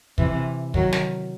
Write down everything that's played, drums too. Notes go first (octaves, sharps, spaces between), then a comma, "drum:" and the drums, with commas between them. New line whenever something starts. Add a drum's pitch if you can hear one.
C3 E3, drum: kick
D#3 F#3, drum: kick
drum: snare